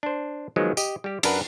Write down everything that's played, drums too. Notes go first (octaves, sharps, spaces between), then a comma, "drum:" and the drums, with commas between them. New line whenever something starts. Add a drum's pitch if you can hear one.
D4 C5
D#3 F3 F#3 G#3 B3
G4 D#5, drum: tambourine
G3 G4
F#2 D4 A#4 B4 F#5, drum: cymbal